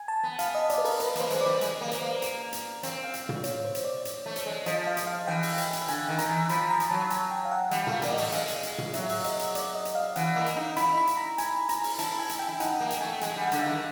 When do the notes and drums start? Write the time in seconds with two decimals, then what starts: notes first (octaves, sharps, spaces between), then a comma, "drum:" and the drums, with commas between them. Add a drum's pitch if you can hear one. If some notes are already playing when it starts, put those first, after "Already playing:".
Already playing: G#5
0.08 A5
0.23 B3
0.39 F5, drum: hi-hat
0.55 D#5
0.70 D5, drum: hi-hat
0.78 B4
0.85 A#4, drum: open hi-hat
1.00 B4, drum: hi-hat
1.15 A#3 C5, drum: hi-hat
1.30 G#3, drum: hi-hat
1.41 D5
1.46 G3
1.61 G#3, drum: hi-hat
1.81 A#3
1.92 drum: hi-hat
2.02 A#3
2.22 drum: hi-hat
2.53 drum: hi-hat
2.83 C4, drum: hi-hat
3.04 F5
3.14 drum: hi-hat
3.29 drum: tom
3.44 C#5, drum: hi-hat
3.65 C5
3.75 drum: hi-hat
3.85 D5
4.05 drum: hi-hat
4.26 A3
4.36 drum: hi-hat
4.46 G#3
4.66 F3 D#5, drum: hi-hat
4.87 F5
4.97 drum: hi-hat
5.07 F5
5.27 E3 G5
5.43 drum: open hi-hat
5.58 drum: hi-hat
5.73 drum: hi-hat
5.88 D3 G#5, drum: hi-hat
6.09 D#3
6.19 A#5, drum: hi-hat
6.29 E3
6.49 F3 B5, drum: hi-hat
6.70 A#5
6.80 drum: hi-hat
6.90 F#3 A5
7.10 G#5, drum: hi-hat
7.31 G5
7.45 F5
7.52 F#5
7.71 G3 F#5, drum: hi-hat
7.87 A3 F5, drum: tom
8.02 A#3 D5, drum: hi-hat
8.12 D#5
8.18 A3, drum: open hi-hat
8.32 G#3 F5, drum: hi-hat
8.48 drum: hi-hat
8.63 drum: hi-hat
8.78 drum: tom
8.94 F#3 E5, drum: hi-hat
9.09 drum: open hi-hat
9.24 D#5, drum: hi-hat
9.39 drum: hi-hat
9.55 D5, drum: hi-hat
9.75 D#5
9.85 drum: hi-hat
9.95 F5
10.16 E3 F#5, drum: hi-hat
10.36 A#3
10.46 drum: hi-hat
10.56 D#4
10.76 E4 B5, drum: hi-hat
10.98 B5
11.07 drum: hi-hat
11.17 A#5
11.38 G#5, drum: hi-hat
11.69 A#5, drum: hi-hat
11.84 drum: open hi-hat
11.99 E4 A5, drum: hi-hat
12.19 G#5
12.29 drum: hi-hat
12.39 G5
12.49 E4
12.60 D#4 F#5, drum: hi-hat
12.80 A#3 G5
12.90 drum: hi-hat
13.01 A3 G#5
13.21 G#3 G#5, drum: hi-hat
13.36 G3
13.41 F#5
13.52 D3, drum: hi-hat
13.62 D#3 F5